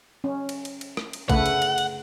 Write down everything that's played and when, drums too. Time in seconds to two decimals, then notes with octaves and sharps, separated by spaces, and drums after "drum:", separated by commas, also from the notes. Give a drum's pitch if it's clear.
0.24 C#4
0.49 drum: cymbal
0.65 drum: cymbal
0.81 drum: cymbal
0.97 drum: rim click
1.13 drum: cymbal
1.30 C#3 A3 B4 F#5, drum: kick, cymbal
1.46 drum: cymbal
1.62 drum: cymbal
1.78 drum: cymbal